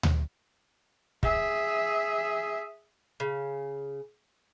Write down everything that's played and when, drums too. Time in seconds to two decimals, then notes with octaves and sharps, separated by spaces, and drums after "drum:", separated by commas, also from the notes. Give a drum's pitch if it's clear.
0.03 drum: tom D2
1.23 G#4 E5, drum: kick
3.20 C#3